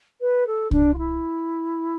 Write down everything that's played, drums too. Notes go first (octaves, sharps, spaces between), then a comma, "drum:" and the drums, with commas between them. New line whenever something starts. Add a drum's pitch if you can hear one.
B4
A4
D4, drum: kick C2
F4
E4